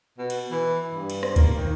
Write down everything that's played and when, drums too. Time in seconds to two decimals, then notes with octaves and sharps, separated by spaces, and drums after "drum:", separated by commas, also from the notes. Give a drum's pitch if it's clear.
0.18 B2
0.30 drum: cymbal
0.51 E3
0.92 G2
1.10 drum: cymbal
1.23 drum: rim click
1.36 A#3, drum: kick C#2, cymbal
1.56 D#3